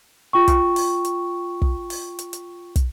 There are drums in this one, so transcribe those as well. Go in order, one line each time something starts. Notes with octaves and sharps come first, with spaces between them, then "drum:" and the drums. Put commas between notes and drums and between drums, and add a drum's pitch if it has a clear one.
F4 G5 C#6
drum: kick, hi-hat
drum: open hi-hat
drum: hi-hat
drum: kick
drum: open hi-hat
drum: hi-hat
drum: hi-hat
drum: kick, hi-hat